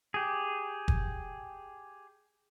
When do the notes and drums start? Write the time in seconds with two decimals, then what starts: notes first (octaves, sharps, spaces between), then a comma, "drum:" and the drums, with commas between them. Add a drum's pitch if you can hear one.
0.14 G4 G#4
0.88 drum: kick